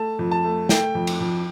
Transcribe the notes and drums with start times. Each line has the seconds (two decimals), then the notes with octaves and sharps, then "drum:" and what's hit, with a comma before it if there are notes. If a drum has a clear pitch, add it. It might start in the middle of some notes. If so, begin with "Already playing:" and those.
Already playing: A3 A5
0.19 F2
0.31 A5
0.44 A3
0.69 A3 G5, drum: snare
0.95 F2
1.07 drum: cymbal
1.20 F2